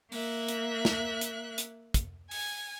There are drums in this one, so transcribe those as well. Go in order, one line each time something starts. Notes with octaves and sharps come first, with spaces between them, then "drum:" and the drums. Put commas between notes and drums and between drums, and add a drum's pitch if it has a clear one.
A#3 E5 F#6, drum: open hi-hat
drum: hi-hat
drum: snare
drum: hi-hat
drum: hi-hat
drum: kick, hi-hat
G#5, drum: open hi-hat